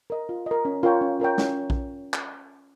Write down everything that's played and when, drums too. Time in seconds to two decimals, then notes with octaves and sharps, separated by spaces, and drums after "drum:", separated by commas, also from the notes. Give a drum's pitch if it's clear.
0.10 A#4 D#5
0.29 F4
0.46 A#4 D#5
0.65 C#4
0.83 F4 A#4 C#5 G5
1.01 C#4
1.20 F4 A#4 C#5 G5
1.38 C#4, drum: snare
1.70 drum: kick A#1
2.14 drum: clap